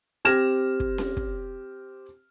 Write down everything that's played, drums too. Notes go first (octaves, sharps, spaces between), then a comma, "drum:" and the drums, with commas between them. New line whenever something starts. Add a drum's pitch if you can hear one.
C4 G4 F6 G#6 A#6 E7
drum: kick
drum: snare C#4
drum: kick